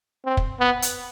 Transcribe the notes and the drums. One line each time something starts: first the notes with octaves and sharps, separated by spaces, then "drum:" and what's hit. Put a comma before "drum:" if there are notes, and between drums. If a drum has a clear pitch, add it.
C4
drum: kick
B3
drum: hi-hat